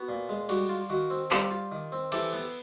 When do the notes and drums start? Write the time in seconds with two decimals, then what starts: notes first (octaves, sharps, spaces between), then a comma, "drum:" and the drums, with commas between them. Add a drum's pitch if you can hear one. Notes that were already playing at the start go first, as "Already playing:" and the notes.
Already playing: B3 F#4
0.09 A#2
0.29 G#3
0.49 G3 F#4, drum: cymbal
0.69 F4
0.90 D#3 F#4
1.10 C4
1.31 G3 F4 G4, drum: clap
1.51 F4
1.72 D#3
1.92 C4
2.12 E3 G4 A4, drum: cymbal
2.32 B3